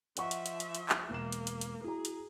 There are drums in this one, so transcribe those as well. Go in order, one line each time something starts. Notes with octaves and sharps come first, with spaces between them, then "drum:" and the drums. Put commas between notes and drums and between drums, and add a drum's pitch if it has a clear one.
F3 D#5 E5 F#5 C#6, drum: hi-hat
drum: hi-hat
drum: hi-hat
drum: hi-hat
drum: hi-hat
drum: clap
E1 A#3 E7
drum: hi-hat
drum: hi-hat
drum: hi-hat
E4 F#4 G#4 A#5
drum: hi-hat